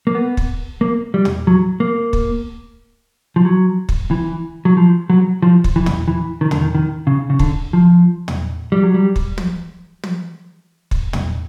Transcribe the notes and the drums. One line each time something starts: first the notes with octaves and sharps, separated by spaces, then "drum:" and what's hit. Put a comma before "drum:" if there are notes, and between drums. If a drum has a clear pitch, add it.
A#3
B3
drum: kick
A#3
G3
drum: tom
F#3
A#3
drum: kick
F3
F#3
drum: kick
E3
F#3
F3
F#3
F3
drum: kick
E3
drum: tom
E3
D#3
D3, drum: tom
D#3
D#3
C#3
C#3
D3, drum: kick
F3
drum: tom
G3
F#3
G3
drum: kick
drum: tom
drum: tom
drum: kick
drum: tom